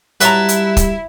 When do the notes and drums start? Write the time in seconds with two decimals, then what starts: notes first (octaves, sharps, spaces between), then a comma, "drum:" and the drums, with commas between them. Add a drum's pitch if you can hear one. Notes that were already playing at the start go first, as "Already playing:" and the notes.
0.21 F#3 G3 E4 B4 E5 A5 A#5, drum: hi-hat
0.49 drum: hi-hat
0.77 drum: kick, hi-hat